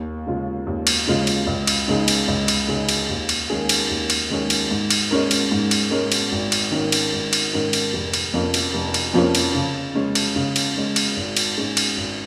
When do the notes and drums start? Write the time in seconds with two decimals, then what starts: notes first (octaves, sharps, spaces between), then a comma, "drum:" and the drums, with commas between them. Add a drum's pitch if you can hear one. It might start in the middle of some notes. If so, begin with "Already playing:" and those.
Already playing: D#2
0.27 C#3 G#3 F4
0.67 D#2
0.87 drum: cymbal
1.07 C#3 G#3 F4
1.27 drum: cymbal
1.47 C#2
1.67 drum: cymbal
1.88 C#3 G#3 D#4 G#4
2.08 drum: cymbal
2.28 C#2
2.48 drum: cymbal
2.68 C#3 G#3 D#4 G#4
2.89 drum: cymbal
3.09 D#2
3.29 drum: cymbal
3.50 D#3 G#3 C#4 G#4
3.69 drum: cymbal
3.89 D#2
4.10 drum: cymbal
4.30 D#3 G#3 C#4 G#4
4.50 drum: cymbal
4.71 G#2
4.90 drum: cymbal
5.11 G#3 C#4 A#4
5.31 drum: cymbal
5.51 G#2
5.71 drum: cymbal
5.91 G#3 C#4 A#4
6.12 drum: cymbal
6.32 G#1
6.52 drum: cymbal
6.72 G#2 D#3 C#4 A#4
6.92 drum: cymbal
7.12 G#1
7.33 drum: cymbal
7.53 G#2 D#3 C#4 A#4
7.73 drum: cymbal
7.93 F1
8.13 drum: cymbal
8.34 F2 F3 A#3 C#4
8.54 drum: cymbal
8.74 F1
8.94 drum: cymbal
9.14 F2 F3 A#3 C#4
9.35 drum: cymbal
9.54 C#3
9.95 G#3 C#4
10.15 drum: cymbal
10.36 C#3
10.56 drum: cymbal
10.76 G#3 C#4
10.96 drum: cymbal
11.16 G#1
11.37 drum: cymbal
11.57 G#2 G#3 C#4 G#4
11.77 drum: cymbal
11.97 G#1